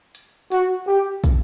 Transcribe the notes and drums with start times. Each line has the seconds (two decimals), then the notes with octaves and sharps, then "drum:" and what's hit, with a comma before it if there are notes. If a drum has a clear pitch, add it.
0.15 drum: hi-hat
0.52 F#4, drum: hi-hat
0.87 G4
1.24 drum: kick, hi-hat